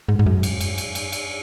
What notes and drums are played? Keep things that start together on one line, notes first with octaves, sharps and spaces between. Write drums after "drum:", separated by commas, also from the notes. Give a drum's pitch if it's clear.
G#2
G#2
F#2
drum: cymbal
drum: cymbal
drum: cymbal
drum: cymbal
drum: cymbal